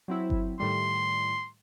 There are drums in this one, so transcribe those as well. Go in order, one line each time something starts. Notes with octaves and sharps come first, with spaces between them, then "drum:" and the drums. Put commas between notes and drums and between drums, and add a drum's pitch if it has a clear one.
F#3 C4 E4
drum: kick G1
A2 D#3 G3 C6